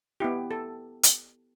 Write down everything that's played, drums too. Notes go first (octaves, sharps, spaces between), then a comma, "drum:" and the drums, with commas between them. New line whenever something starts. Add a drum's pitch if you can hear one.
B3 E4 G4
A4
drum: hi-hat